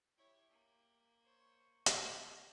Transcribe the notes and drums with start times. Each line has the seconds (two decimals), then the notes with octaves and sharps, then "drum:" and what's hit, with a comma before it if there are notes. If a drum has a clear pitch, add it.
0.17 E4 G4 C#5
0.51 A#3
1.24 C5 C#5 C#6
1.86 G4 D5 D#5, drum: hi-hat